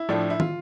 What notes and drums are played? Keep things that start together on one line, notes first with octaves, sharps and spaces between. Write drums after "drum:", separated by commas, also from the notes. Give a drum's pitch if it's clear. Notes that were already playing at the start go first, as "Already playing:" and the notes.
Already playing: E4
A2 F3 A3 D4
E4
F4, drum: tom